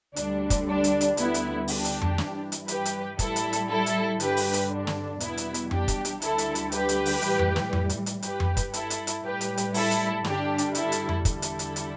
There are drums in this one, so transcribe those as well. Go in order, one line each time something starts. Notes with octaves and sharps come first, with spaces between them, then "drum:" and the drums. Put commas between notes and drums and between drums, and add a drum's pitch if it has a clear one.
D2 D3 G3 D4, drum: hi-hat
drum: kick, hi-hat
D4
drum: hi-hat
drum: hi-hat
D2 D3 G3 B3 E4, drum: hi-hat
drum: hi-hat
D4 G4, drum: open hi-hat
drum: hi-hat
drum: tom F2
G2 E3 G3, drum: snare
drum: hi-hat
G4 B4, drum: hi-hat
drum: hi-hat
A2 G3 E4 A4, drum: kick, hi-hat
drum: hi-hat
drum: hi-hat
E4 A4
drum: hi-hat
G2 D3 G3 G4 B4, drum: hi-hat
drum: open hi-hat
drum: hi-hat
D4
drum: snare
E2 B2 G3 B3 E4, drum: hi-hat
drum: hi-hat
drum: hi-hat
D4 G4, drum: tom F2
drum: kick, hi-hat
drum: hi-hat
D2 D3 G3 E4 A4, drum: hi-hat
drum: hi-hat
drum: hi-hat
G4 B4, drum: hi-hat
drum: hi-hat
drum: open hi-hat
A2 E3 G3, drum: hi-hat
drum: tom F2
drum: snare
drum: tom F2
drum: hi-hat
drum: hi-hat
G2 G3 G4 B4, drum: hi-hat
drum: tom F2
drum: kick, hi-hat
E4 A4, drum: hi-hat
drum: hi-hat
drum: hi-hat
A2 G3 G4 B4
drum: hi-hat
drum: hi-hat
E4 A4, drum: open hi-hat
drum: hi-hat
G2 D3 G3 D4 G4, drum: snare
drum: hi-hat
E4 A4, drum: hi-hat
drum: hi-hat
drum: tom F2
E2 D3 G3 E4 A4, drum: kick, hi-hat
drum: hi-hat
drum: hi-hat
drum: hi-hat